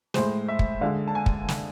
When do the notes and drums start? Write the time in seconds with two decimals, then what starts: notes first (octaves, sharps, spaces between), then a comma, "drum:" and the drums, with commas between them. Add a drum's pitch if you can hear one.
0.14 A2 G#3 C5, drum: snare
0.48 E5
0.59 drum: kick
0.81 D3 G#3 F5
1.07 A5
1.15 G#5
1.26 drum: kick
1.48 drum: snare